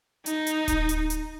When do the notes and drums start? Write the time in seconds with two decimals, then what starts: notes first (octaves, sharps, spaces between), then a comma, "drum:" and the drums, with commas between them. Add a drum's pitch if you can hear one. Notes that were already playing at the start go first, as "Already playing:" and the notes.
0.26 D#4, drum: hi-hat
0.47 drum: hi-hat
0.68 drum: kick D1, hi-hat
0.89 drum: hi-hat
1.10 drum: hi-hat